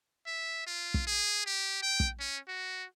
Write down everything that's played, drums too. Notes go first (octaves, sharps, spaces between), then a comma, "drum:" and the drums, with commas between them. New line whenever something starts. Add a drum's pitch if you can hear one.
E5
F4
drum: kick
G#4
G4
G5
drum: kick
C#4
F#4